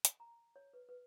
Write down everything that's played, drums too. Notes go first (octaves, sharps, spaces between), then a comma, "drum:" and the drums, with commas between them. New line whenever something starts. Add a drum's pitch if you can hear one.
drum: hi-hat
A#5
C#5
B4
B4